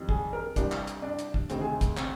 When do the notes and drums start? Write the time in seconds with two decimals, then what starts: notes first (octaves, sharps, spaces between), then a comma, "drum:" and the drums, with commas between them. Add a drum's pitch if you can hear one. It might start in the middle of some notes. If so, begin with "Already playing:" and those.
Already playing: F2 D#3 G3
0.09 G#4, drum: kick
0.33 A#4
0.56 C2 C3 G3 D4, drum: kick, hi-hat
0.72 drum: clap
0.87 drum: hi-hat
1.02 D4
1.19 drum: hi-hat
1.34 drum: kick
1.50 D2 C3 D#3 C4, drum: hi-hat
1.61 G#4
1.81 drum: kick, hi-hat
1.97 C4, drum: clap